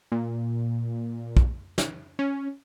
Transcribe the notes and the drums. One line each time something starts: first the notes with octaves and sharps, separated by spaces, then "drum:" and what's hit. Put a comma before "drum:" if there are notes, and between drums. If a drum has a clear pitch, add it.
A#2
drum: kick
drum: snare
C#4